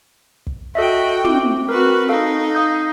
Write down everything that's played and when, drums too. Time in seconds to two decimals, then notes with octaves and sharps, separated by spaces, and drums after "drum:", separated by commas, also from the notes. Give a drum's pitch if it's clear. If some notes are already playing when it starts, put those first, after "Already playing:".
0.47 drum: kick
0.75 F#4 A4 D#5 E5 G5
1.25 C4 D6, drum: tom
1.69 F#4 A#4 B4
2.09 D#4 A4 F5
2.55 F5 D#6 G6